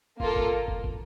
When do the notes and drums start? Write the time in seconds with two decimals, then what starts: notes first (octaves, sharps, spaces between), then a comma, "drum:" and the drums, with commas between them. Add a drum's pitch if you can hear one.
0.20 A#3 F4 A4, drum: kick
0.36 drum: kick
0.68 drum: kick
0.84 drum: kick